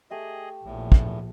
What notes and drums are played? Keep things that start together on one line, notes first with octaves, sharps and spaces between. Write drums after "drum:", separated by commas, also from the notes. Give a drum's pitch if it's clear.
A3 G4 G#4 D#5 E5
A#1 E2 A2
drum: kick